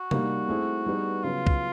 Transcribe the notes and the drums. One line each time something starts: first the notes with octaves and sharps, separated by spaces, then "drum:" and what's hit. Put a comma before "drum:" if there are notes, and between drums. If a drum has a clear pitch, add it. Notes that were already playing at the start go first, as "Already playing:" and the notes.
Already playing: F#4
G3 A#3 D#4, drum: tom
A3 C4 E4 G#4
G3 B3 D#4 G#4 B4
C#3 F#3 B3 F4
drum: kick